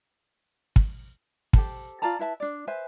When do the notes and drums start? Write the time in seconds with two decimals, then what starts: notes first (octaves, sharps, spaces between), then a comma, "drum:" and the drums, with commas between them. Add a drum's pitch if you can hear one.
0.76 drum: kick
1.53 G4 A4 C5, drum: kick
2.02 F4 D5 A5 A#5
2.19 E4 B4 E5 A5
2.40 D4 D5
2.67 B4 C5 E5 G#5